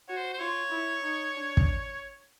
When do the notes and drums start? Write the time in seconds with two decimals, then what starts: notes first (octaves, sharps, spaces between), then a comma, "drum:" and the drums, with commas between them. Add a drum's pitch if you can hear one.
0.08 F#4 C#5
0.16 C5
0.34 C5
0.39 F4 C#5
0.71 E4
1.02 D#4
1.33 D4
1.57 drum: kick